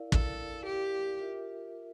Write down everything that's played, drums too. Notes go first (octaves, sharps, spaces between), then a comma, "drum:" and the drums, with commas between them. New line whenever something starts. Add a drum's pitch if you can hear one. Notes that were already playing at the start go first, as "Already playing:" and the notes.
Already playing: E4 A#4 D5 F5
A4, drum: kick
G4
F4 A#4 E5